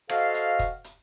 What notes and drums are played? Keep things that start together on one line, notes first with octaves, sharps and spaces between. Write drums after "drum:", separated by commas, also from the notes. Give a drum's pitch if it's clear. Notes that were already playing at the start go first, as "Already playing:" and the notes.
F#4 A4 C5 D#5 F5, drum: rim click
drum: hi-hat
drum: kick, hi-hat
drum: hi-hat